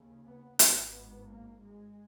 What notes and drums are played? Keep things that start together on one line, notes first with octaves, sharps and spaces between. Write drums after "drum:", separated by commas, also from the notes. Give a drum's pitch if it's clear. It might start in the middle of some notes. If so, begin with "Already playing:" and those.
Already playing: D#2 C#3
B3
G#1 G#2 B3, drum: hi-hat
A#3
G#3